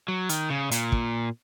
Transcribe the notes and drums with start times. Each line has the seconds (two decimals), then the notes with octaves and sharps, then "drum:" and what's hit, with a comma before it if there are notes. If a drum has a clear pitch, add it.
0.08 F#3
0.29 D#3, drum: hi-hat
0.50 C#3
0.71 A#2, drum: hi-hat
0.92 drum: kick